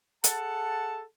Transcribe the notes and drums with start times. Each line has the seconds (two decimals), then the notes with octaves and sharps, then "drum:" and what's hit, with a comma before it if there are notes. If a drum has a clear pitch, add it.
0.24 G#4 A4 F#5 A5, drum: hi-hat